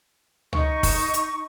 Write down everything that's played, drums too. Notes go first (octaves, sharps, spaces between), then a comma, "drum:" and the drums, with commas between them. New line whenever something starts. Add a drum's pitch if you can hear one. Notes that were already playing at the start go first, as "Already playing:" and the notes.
D#4 C#6, drum: tom C#2
drum: kick, open hi-hat
drum: hi-hat